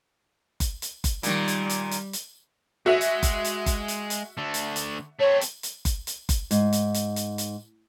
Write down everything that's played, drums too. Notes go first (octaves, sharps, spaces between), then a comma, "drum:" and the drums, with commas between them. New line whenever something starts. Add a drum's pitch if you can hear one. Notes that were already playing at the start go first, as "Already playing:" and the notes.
drum: kick F#1, hi-hat
drum: hi-hat
drum: kick F#1, hi-hat
A#2 D#3 G3, drum: hi-hat
drum: hi-hat
drum: hi-hat
drum: hi-hat
drum: hi-hat
G#3 F#4 E5
drum: hi-hat
drum: kick F#1, hi-hat
drum: hi-hat
drum: kick F#1, hi-hat
drum: hi-hat
drum: hi-hat
D3 A3
drum: hi-hat
drum: hi-hat
A3 C4 C#5
drum: hi-hat
drum: hi-hat
drum: kick F#1, hi-hat
drum: hi-hat
drum: kick F#1, hi-hat
G#2, drum: hi-hat
drum: hi-hat
drum: hi-hat
drum: hi-hat
drum: hi-hat